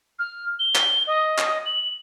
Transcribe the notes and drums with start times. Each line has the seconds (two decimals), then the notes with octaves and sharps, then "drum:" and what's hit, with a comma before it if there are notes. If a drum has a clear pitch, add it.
0.19 F6
0.59 G7
0.75 drum: clap
1.07 D#5
1.38 drum: clap
1.66 F#7